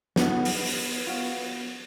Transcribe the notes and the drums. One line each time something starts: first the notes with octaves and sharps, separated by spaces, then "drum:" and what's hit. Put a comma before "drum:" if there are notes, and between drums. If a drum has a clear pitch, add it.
B3 D#4 A4 F#5, drum: snare
drum: open hi-hat
drum: open hi-hat
F4 F#4